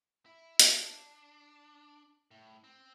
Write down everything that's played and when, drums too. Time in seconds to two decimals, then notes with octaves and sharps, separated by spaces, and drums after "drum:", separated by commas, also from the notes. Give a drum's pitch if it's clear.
0.26 E4
0.59 A#4, drum: hi-hat
0.77 D4
2.31 A2
2.64 C4